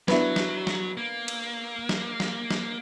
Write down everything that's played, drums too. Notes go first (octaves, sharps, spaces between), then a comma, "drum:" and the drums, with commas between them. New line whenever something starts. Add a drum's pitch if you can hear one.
F#3 B3 D4 E4, drum: snare
drum: snare
drum: snare
A#3
drum: cymbal
drum: snare
drum: snare
drum: snare